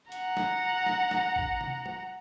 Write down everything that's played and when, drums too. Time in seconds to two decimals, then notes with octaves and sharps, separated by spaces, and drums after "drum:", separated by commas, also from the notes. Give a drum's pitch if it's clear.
0.12 F#5 A#5, drum: hi-hat
0.37 drum: snare
0.86 drum: snare
1.11 drum: snare
1.36 drum: kick A1
1.61 drum: tom C3
1.86 drum: tom